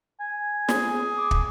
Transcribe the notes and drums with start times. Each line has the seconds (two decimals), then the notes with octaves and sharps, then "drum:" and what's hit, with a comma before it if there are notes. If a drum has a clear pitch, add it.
0.20 G#5
0.69 G#4, drum: snare
1.17 D6
1.31 drum: kick